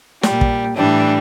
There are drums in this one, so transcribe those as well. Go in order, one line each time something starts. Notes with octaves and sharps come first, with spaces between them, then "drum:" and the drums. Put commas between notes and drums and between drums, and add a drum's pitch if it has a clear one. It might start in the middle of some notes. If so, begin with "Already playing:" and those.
A#2 G3, drum: snare
drum: kick
A2 E3 G3 D4